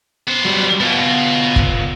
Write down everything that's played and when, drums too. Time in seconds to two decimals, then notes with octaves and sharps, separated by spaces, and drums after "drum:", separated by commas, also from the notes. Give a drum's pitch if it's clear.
0.28 B3 C5
0.45 F#3 G3
0.81 B2 B3 F4
1.56 drum: kick